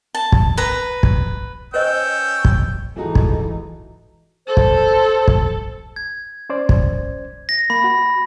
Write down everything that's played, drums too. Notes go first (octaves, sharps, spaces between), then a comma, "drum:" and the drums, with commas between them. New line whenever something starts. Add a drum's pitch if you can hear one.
A5
drum: kick
B4 A#5
drum: kick
C#4 B4 C5 D#5 G5 E6
drum: kick
G#2 E3 D#4 F4 F#4 G#4 A4
drum: kick
A4 C5
drum: kick
drum: kick
G#6
C#4 C5 D5
drum: kick
A#6
A#3 B5
F#4